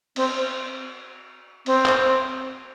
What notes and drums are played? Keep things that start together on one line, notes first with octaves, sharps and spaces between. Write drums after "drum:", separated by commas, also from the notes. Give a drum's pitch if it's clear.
C4, drum: cymbal
C4, drum: cymbal
drum: clap